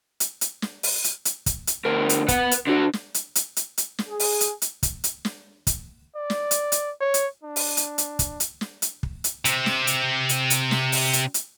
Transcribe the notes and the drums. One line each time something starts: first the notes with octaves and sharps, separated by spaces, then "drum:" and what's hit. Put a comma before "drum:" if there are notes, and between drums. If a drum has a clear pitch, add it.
drum: hi-hat
drum: hi-hat
drum: snare
drum: open hi-hat
drum: hi-hat
drum: hi-hat
drum: kick, hi-hat
drum: hi-hat
D2 A#4
drum: hi-hat
B4 F#5, drum: kick, hi-hat
drum: hi-hat
D3 F#4
drum: snare
drum: hi-hat
drum: hi-hat
drum: hi-hat
drum: hi-hat
drum: snare
G#4
drum: open hi-hat
drum: hi-hat
drum: hi-hat
drum: kick, hi-hat
drum: hi-hat
drum: snare
drum: kick, hi-hat
D5
drum: snare
drum: hi-hat
drum: hi-hat
C#5
drum: hi-hat
D4
drum: open hi-hat
drum: hi-hat
drum: hi-hat
drum: kick, hi-hat
drum: hi-hat
drum: snare
drum: hi-hat
drum: kick
drum: hi-hat
C3 C4, drum: hi-hat
drum: snare
drum: hi-hat
drum: hi-hat
drum: hi-hat
drum: snare
drum: open hi-hat
drum: hi-hat
drum: hi-hat